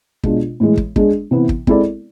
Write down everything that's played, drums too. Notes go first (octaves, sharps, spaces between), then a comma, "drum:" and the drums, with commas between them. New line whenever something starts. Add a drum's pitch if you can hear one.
B2 G#3 D4 F4, drum: kick
A2 E3 G#3
drum: kick
G#3 D4 G#4, drum: kick
C3 E3 B3
drum: kick
G#3 C4 E4 A4 D5, drum: kick